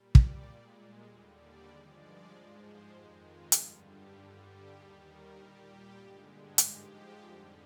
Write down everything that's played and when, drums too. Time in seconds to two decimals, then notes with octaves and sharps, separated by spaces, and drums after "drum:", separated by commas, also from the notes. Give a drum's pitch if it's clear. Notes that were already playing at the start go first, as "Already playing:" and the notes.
Already playing: A#2 G3
0.15 D5, drum: kick
0.45 A#2 G#3
1.06 D#2 D3 G3 D#5
1.37 D5
1.68 G2 F3 G#3
1.99 D5
2.29 G#2 F3 G#3
2.60 C5
2.91 F2 D#3 G#3 G4
3.21 F4
3.52 G2 D3 G3, drum: hi-hat
3.83 G4
4.13 G2 D3 G3 F4
4.44 G4
4.74 D#2 D#3 G3 G#4
5.05 A#4
5.35 A#2 G3 G4
5.97 G2 D3 G#3
6.58 G#2 F3 G#3 G4, drum: hi-hat
7.20 F2 D3 G3